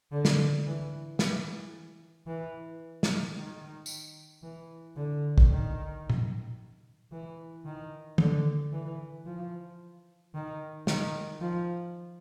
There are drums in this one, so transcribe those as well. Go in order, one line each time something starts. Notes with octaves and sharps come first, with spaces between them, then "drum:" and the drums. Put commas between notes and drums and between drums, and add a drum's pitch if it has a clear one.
D3
drum: snare
E3
E3, drum: snare
E3
drum: snare
D#3
drum: tambourine
E3
D3
drum: kick
D#3
drum: tom A#2
E3
D#3
D3, drum: tom
E3
F3
D#3
D#3, drum: snare
F3